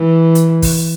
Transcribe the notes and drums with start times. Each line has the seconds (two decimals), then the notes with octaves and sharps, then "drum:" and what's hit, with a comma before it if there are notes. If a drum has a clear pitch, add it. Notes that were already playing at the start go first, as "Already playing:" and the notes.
Already playing: E3
0.35 drum: hi-hat
0.62 drum: kick, open hi-hat